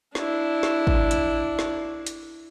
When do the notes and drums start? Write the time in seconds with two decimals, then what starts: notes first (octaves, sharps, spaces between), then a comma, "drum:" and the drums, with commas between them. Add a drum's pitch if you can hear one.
0.15 D4 E4, drum: snare
0.63 drum: snare
0.87 drum: kick
1.11 drum: hi-hat
1.59 drum: snare
2.07 drum: hi-hat